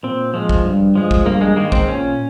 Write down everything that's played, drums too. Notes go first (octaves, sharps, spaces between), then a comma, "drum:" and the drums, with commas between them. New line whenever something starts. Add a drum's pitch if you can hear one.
A#2 C4
F3 G#3
drum: kick
G2
F3 G#3
drum: kick
G2 A#3
G#3
D#3 G#3 A#3
C4, drum: kick
A#2 C#4